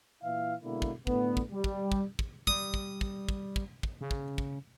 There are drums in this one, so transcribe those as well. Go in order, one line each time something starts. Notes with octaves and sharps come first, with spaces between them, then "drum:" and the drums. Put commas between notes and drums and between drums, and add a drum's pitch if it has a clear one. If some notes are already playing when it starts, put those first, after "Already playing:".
A#2 E3 E4 E5 F5
B2 D3 G#3 A#3 E4
drum: kick
A2 D3 B3, drum: kick
drum: kick
G3
drum: kick
drum: kick
drum: kick
G3 D#6, drum: kick
drum: kick
drum: kick
drum: kick
drum: kick
drum: kick
C#3
drum: kick
drum: kick